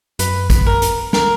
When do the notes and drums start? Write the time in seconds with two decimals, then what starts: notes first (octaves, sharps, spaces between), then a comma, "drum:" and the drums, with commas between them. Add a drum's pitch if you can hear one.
0.19 F#2 B4, drum: hi-hat
0.50 B4, drum: kick, hi-hat
0.66 A#4
0.82 drum: hi-hat
1.13 A#4, drum: snare